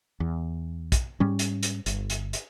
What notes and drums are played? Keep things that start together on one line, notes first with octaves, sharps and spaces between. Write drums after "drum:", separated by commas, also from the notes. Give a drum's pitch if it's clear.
E2
drum: kick, hi-hat
G#2 G3 C#4
drum: hi-hat
drum: hi-hat
G1, drum: hi-hat
drum: hi-hat
drum: hi-hat